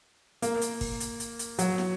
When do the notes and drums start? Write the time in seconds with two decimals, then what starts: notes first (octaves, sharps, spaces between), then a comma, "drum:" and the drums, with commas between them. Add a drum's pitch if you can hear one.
0.42 A#3, drum: hi-hat
0.61 drum: hi-hat
0.81 drum: kick, open hi-hat
1.00 drum: hi-hat
1.20 drum: hi-hat
1.39 drum: hi-hat
1.59 F#3, drum: hi-hat
1.78 drum: snare